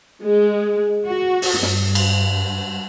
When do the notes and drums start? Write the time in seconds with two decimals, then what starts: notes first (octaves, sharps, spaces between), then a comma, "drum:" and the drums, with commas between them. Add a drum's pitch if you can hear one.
0.24 G#3
1.06 F#4
1.42 drum: open hi-hat
1.63 G2, drum: snare
1.95 drum: cymbal